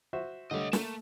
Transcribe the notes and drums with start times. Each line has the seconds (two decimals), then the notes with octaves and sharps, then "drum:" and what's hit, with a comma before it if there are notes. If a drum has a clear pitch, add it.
0.13 F#4 C5 E5
0.51 D3 G3 A3 C#5 D#5
0.73 A3 A#3, drum: snare